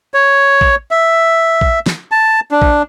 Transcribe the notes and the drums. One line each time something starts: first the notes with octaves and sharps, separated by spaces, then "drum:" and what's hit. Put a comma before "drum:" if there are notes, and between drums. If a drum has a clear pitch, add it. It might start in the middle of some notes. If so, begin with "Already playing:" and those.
C#5
drum: kick A#1
E5
drum: kick A#1
drum: snare
A5
D4
drum: kick A#1